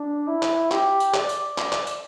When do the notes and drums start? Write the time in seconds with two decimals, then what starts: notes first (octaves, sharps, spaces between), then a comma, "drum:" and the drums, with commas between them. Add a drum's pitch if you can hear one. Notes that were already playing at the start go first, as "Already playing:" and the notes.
Already playing: D4
0.28 E4
0.43 drum: clap
0.71 G4, drum: clap
1.00 drum: tambourine
1.14 D5, drum: clap
1.29 drum: tambourine
1.58 drum: clap
1.72 drum: clap
1.87 drum: tambourine